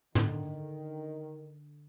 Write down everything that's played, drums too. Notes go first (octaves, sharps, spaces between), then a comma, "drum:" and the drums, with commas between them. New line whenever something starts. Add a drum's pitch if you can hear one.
D3 D#3, drum: tom